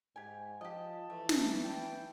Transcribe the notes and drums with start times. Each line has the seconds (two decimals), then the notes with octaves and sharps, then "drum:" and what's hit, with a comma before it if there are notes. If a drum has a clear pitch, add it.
0.16 G#2 G4 G#5
0.61 F3 G4 D#5 A5
1.10 E3 A3
1.29 drum: snare
1.64 G3 G5